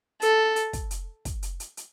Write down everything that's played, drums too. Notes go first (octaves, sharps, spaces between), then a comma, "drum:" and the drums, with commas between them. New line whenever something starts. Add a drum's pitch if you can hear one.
A4, drum: hi-hat
drum: hi-hat
drum: kick, hi-hat
drum: hi-hat
drum: kick, hi-hat
drum: hi-hat
drum: hi-hat
drum: hi-hat